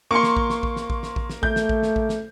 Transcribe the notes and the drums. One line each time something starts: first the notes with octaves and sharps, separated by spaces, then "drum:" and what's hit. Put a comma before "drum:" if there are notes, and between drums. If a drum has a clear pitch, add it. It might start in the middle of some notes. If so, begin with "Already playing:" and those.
A#3 C6 C#6 C#7
drum: snare
drum: kick A1
drum: snare
drum: kick A1
drum: snare
drum: kick A1
drum: snare
drum: kick A1
drum: snare
A3 G6, drum: kick A1
drum: snare
drum: kick A1
drum: snare
drum: kick A1
drum: snare